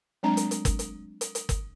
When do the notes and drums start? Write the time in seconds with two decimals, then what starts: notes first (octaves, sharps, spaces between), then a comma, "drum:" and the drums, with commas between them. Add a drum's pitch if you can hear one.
0.23 F#3 G#3 A3 C4 D4 A#5
0.37 drum: hi-hat
0.51 drum: hi-hat
0.65 drum: kick, hi-hat
0.79 drum: hi-hat
1.21 drum: hi-hat
1.35 drum: hi-hat
1.49 drum: kick, hi-hat